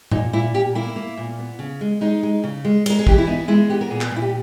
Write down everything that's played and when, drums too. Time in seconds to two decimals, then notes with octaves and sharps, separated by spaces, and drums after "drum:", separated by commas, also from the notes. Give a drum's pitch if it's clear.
0.11 A#2 D#4, drum: tom G#2
0.33 A#2 E4
0.54 A#2 G4
0.75 A#3 E4
0.96 A#3
1.17 A#2
1.38 B3
1.59 C#3
1.81 G#3
2.01 G#3 D#4
2.23 G#3
2.44 C#3
2.65 G#3
2.86 G#3 A#4, drum: cymbal
2.99 G#4
3.07 E3 G4, drum: kick
3.18 E4
3.27 B3 D#4
3.48 G#3 E4
3.70 B3 G4
3.81 A#4
3.90 A#2 G#4
4.01 drum: clap
4.11 A#2
4.16 E4
4.22 G4